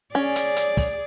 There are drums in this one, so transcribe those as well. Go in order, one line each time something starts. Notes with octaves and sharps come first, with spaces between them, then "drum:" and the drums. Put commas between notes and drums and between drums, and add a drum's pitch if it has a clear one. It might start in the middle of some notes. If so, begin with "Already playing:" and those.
C#4 G#4 D5
drum: hi-hat
drum: hi-hat
drum: kick, open hi-hat